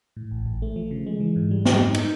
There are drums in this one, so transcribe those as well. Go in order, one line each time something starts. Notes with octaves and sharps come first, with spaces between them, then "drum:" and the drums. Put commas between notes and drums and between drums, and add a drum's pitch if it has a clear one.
A2
A1
A1
A3
F3
C#3
G#3
E3
G#2
G3
C4, drum: snare
D#4
D#4, drum: cymbal